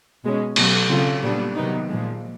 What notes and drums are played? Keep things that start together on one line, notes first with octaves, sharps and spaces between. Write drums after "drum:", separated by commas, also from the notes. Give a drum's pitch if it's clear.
B2 G#3 C#4
B2 F#3 A3, drum: cymbal
C#3 F#3 A3 C4 F4
A#2 G3 B3 D4
C3 D#3 F#3 B3 D#4
A#2 F3 G#3